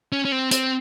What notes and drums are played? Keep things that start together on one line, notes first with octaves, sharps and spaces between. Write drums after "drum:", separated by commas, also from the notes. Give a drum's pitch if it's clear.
C#4
C#4
C4
C4, drum: hi-hat